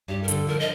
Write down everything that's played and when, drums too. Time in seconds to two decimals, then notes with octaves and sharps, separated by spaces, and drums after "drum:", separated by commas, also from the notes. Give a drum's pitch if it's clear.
0.08 G2 G4
0.23 A#4
0.28 D3 A4, drum: hi-hat
0.47 F3 A#4
0.60 D#5